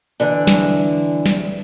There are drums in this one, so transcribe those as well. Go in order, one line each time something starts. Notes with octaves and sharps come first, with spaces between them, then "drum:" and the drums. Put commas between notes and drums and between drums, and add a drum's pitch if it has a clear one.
D3 E3 D4, drum: hi-hat
drum: snare
drum: snare